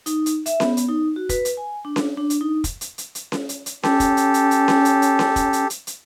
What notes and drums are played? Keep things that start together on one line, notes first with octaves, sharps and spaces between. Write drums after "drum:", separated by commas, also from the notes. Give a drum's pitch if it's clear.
D#4, drum: hi-hat
drum: hi-hat
E5, drum: hi-hat
B3, drum: snare C#4
drum: hi-hat
D#4
F#4
B4, drum: kick, hi-hat
drum: hi-hat
G#5
D4
drum: snare C#4
D4
drum: hi-hat
D#4
drum: kick, hi-hat
drum: hi-hat
drum: hi-hat
drum: hi-hat
drum: snare C#4
drum: hi-hat
drum: hi-hat
C#4 G4 A4, drum: snare C#4
drum: kick, hi-hat
drum: hi-hat
drum: hi-hat
drum: hi-hat
drum: snare C#4
drum: hi-hat
drum: hi-hat
drum: snare C#4
drum: kick, hi-hat
drum: hi-hat
drum: hi-hat
drum: hi-hat